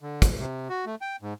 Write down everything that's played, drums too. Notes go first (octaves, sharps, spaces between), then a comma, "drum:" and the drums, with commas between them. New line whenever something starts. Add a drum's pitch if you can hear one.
D3
drum: kick, hi-hat
C3
F#4
A3
G5
G#2